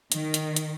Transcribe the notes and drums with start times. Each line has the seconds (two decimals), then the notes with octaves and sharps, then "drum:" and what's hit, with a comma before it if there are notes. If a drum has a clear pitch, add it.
0.12 D#3, drum: hi-hat
0.34 drum: hi-hat
0.56 drum: hi-hat